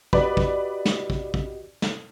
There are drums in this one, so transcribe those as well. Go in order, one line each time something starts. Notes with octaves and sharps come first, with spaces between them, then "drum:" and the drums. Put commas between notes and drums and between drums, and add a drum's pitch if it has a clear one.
F#4 G4 B4 D5 D#5, drum: kick
drum: kick
drum: snare
drum: kick
drum: kick
drum: snare